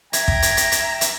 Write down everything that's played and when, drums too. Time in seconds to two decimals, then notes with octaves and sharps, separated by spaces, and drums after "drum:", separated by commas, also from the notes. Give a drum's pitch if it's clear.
0.13 E5 G5 A#5 G#6, drum: hi-hat
0.28 drum: kick
0.42 drum: hi-hat
0.57 drum: hi-hat
0.72 drum: hi-hat
1.01 drum: hi-hat